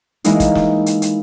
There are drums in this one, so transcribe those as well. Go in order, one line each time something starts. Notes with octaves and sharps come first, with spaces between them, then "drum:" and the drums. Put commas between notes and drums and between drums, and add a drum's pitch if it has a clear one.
E3 G#3 A#3 D#4 E4, drum: hi-hat
drum: kick, hi-hat
drum: snare
drum: hi-hat
drum: hi-hat